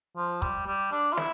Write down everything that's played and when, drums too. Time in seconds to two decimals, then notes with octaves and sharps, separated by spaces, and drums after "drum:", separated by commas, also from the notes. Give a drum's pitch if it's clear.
0.17 F3
0.42 G3, drum: kick
0.66 G3
0.92 D4
1.13 F4
1.17 E4, drum: snare